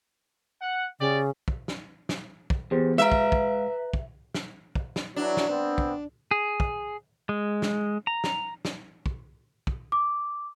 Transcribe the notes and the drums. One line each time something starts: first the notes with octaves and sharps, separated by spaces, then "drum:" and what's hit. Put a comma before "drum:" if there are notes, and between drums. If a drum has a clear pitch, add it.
F#5
C#3 G4 D5
drum: kick
drum: snare
drum: snare
drum: kick
E2 G4 G#4 C5
G#3 B4 E5 F5 A#5
drum: kick
drum: kick
drum: kick
drum: snare
drum: kick
drum: snare
E3 F#3 D4
drum: snare
B3 C4
drum: kick
G#4
drum: kick
G#3
drum: snare
A#5
drum: snare
drum: snare
drum: kick
drum: kick
D6